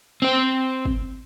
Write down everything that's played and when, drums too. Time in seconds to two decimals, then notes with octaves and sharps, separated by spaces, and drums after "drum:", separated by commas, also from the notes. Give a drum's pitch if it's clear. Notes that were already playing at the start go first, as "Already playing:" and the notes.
0.22 C4 C5
0.85 drum: kick